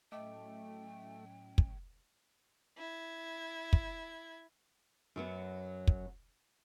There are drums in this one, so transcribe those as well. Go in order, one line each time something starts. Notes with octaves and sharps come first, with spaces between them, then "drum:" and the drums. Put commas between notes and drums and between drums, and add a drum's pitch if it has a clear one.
A2 F#3 A3 C#4 D#5 G5 D6
drum: kick
E4 G#6
drum: kick
F#2 F#3 B3
drum: kick